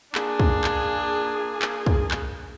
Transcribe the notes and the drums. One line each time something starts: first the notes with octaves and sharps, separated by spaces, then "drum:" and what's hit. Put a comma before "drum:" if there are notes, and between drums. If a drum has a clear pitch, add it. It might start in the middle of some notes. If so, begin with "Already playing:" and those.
A#3 D4 F4 G#4, drum: clap
drum: kick
drum: clap
drum: clap
drum: kick
drum: clap